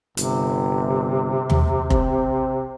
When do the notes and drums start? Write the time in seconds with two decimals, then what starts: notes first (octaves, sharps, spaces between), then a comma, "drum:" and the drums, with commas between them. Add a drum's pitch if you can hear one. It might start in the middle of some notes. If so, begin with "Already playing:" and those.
0.17 G1 C3, drum: hi-hat
1.50 drum: tom D#2
1.90 C4, drum: kick F1